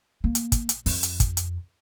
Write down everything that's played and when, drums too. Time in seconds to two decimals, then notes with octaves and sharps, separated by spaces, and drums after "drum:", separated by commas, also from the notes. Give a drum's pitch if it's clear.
0.24 A#3
0.35 drum: hi-hat
0.52 drum: kick, hi-hat
0.69 drum: hi-hat
0.86 F2, drum: open hi-hat
1.03 drum: hi-hat
1.20 drum: kick, hi-hat
1.37 drum: hi-hat